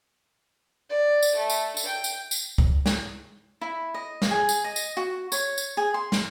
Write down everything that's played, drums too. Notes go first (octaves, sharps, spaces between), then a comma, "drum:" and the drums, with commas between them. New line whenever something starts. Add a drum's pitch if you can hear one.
D5
drum: tambourine
A3
drum: tambourine
drum: tambourine
G5
drum: tambourine
drum: tambourine
drum: kick C#2
drum: snare
E4
D#5
drum: snare
G#4
drum: tambourine
D#5
drum: tambourine
F#4
C#5, drum: tambourine
drum: tambourine
G#4
C6
drum: snare